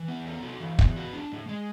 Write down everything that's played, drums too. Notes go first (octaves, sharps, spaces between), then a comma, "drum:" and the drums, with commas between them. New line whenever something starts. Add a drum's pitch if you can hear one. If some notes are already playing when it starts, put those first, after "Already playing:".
Already playing: E3
B3
A4
F#4
E3
B3, drum: kick
F#4
D4
A2
G#3